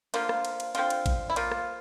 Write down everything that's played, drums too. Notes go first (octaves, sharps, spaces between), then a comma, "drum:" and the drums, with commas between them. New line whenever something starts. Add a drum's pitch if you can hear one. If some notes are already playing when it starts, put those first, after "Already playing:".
D3 F3 A#3 F4, drum: cymbal
drum: rim click
drum: cymbal
drum: cymbal
D3 F3 C4 F4, drum: cymbal
drum: cymbal
drum: kick A1, cymbal
E4
F3 A#3 F4, drum: cymbal
drum: rim click